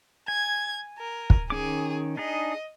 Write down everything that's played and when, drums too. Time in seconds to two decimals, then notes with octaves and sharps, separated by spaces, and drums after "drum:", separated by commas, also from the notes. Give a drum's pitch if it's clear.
0.28 G#5 G#6
0.99 A#4
1.30 drum: kick
1.50 D#3 C#4 G#4 D6
2.17 D4 D#4 G#4 D#5